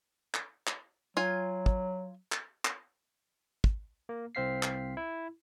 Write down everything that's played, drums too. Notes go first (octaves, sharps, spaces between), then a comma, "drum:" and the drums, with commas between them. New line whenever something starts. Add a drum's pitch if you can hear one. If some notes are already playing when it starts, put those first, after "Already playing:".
drum: clap
drum: clap
F#3 F4 G#5
drum: kick
drum: clap
drum: clap
drum: kick
A#3
C2 C4 C5 F5 B6 C7
drum: clap
E4